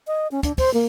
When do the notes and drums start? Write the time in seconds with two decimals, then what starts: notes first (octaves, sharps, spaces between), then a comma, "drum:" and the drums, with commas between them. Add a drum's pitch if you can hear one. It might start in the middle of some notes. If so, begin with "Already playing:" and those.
0.07 D#5
0.31 C#4
0.43 D4, drum: kick, hi-hat
0.58 C5, drum: kick, open hi-hat
0.74 A#3